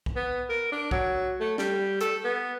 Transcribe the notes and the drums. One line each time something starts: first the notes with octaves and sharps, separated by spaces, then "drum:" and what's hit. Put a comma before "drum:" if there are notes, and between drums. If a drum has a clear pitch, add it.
drum: kick B1
B3
A#4
D4
F#3, drum: kick B1
A3
G3, drum: snare
A4, drum: hi-hat
B3